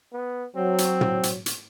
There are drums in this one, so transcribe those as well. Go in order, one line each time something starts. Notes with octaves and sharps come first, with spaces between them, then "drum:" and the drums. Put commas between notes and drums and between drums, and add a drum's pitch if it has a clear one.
B3
F#3 C4
drum: hi-hat
drum: tom
drum: hi-hat
drum: hi-hat